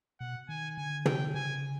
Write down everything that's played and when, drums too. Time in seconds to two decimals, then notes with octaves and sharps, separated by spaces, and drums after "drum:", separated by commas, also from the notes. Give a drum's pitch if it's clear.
0.20 B2 F#5
0.49 D#3 G#5
0.77 D3 G#5
1.06 G5, drum: tom
1.34 C#3 G#5